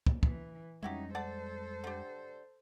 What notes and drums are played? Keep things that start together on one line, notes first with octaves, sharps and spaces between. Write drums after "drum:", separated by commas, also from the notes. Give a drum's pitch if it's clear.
drum: kick
E3, drum: kick
F2 G3 G#3 C#4 D#4 E4 F#4 G4
A4 C5 D5 F#5 A5
D3 G4